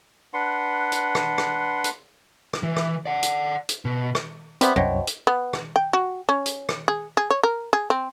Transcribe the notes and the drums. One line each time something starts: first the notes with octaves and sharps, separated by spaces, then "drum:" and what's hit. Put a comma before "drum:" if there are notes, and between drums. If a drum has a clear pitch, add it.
D4 B4 F#5 C6
drum: hi-hat
drum: rim click
drum: rim click
drum: hi-hat
drum: rim click
E3
drum: rim click
D5 F#5
drum: hi-hat
drum: hi-hat
B2
drum: rim click
G3 B3 C4 C5 E5 C6, drum: hi-hat
C2 F#2 B2 C#5 G5
drum: hi-hat
B3
drum: rim click
G5
F#4
C#4
drum: hi-hat
drum: rim click
G#4
G#4
C#5
A#4
G#4
C4